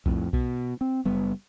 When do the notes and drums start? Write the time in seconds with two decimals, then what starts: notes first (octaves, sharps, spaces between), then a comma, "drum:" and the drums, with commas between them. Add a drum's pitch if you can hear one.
0.06 F2 A2, drum: kick B1
0.33 B2, drum: kick B1
0.81 C4
1.05 F#1 G3 B3